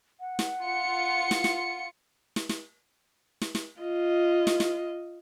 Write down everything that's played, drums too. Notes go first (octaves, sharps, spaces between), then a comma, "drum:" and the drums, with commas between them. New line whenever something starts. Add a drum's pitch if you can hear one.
F#5
drum: snare
F4 C#7
drum: snare
drum: snare
drum: snare
drum: snare
drum: snare
drum: snare
F4 D#5
drum: snare
drum: snare